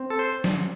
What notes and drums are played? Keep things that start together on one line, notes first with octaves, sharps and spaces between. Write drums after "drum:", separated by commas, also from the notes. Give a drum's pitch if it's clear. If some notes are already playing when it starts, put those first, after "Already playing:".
Already playing: C4
A4
C5
drum: snare